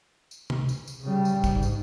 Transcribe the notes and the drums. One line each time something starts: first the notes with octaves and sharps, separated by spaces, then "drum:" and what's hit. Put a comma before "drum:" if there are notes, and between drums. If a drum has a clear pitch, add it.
drum: tambourine
drum: tom
drum: tambourine
drum: tambourine
C#3 G3
drum: tambourine
G#2, drum: kick, tambourine
drum: tambourine